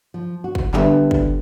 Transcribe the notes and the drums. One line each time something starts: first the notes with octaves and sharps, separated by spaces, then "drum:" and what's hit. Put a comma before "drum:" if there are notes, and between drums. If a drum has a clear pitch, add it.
F3
F#4
drum: kick
D3 G3 B3 A4 E5, drum: clap
drum: kick